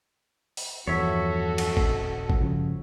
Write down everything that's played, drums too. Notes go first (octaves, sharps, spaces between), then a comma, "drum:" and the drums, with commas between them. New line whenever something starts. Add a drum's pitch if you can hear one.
drum: open hi-hat
E2 G2 F3 F#4 A4 C#5 E5
drum: cymbal
D#1, drum: kick G#1
drum: kick G#1
G2 C#3 F3